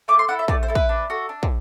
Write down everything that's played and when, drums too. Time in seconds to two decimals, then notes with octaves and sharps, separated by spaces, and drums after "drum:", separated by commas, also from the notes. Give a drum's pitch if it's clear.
0.08 A3 D6
0.19 C6
0.28 E4 A4 F#5
0.39 E5
0.48 A3 D5, drum: kick
0.63 C5
0.68 E4 A4
0.75 B4, drum: kick
0.89 D4
1.10 F#4 A4
1.29 D4
1.43 drum: kick